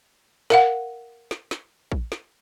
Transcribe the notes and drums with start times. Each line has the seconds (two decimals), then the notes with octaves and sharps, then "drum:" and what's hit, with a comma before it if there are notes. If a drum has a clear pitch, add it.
0.50 A#4 F5 F#5, drum: snare
1.31 drum: snare
1.51 drum: snare
1.92 drum: kick
2.12 drum: snare